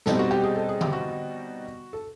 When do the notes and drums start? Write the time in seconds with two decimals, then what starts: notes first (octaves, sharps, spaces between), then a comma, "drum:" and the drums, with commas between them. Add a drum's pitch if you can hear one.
0.06 B2 G3 C4 D#4 A4, drum: snare
0.19 F#4
0.31 G4
0.43 G#4
0.56 A4
0.69 G#4
0.81 G4, drum: tom D3
0.93 F#4
1.93 A4